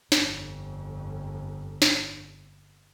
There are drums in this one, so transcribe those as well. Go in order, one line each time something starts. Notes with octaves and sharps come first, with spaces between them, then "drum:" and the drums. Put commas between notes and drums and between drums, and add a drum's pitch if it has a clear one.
G1 F2, drum: snare
drum: snare